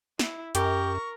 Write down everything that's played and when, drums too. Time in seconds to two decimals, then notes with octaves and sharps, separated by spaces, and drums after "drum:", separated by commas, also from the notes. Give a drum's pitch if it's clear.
0.19 E4, drum: snare
0.55 F#2 G4 A#4 C#6, drum: hi-hat